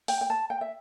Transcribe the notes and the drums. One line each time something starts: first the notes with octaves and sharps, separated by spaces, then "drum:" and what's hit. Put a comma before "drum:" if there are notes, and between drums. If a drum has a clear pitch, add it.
G5, drum: open hi-hat
G5
A5
G5
E5